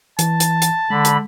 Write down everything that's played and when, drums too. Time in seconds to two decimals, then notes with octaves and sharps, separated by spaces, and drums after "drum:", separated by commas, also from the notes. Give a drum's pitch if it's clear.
0.19 E3 A5, drum: hi-hat
0.40 drum: hi-hat
0.62 drum: hi-hat
0.90 D3 G#3 B5
1.05 drum: hi-hat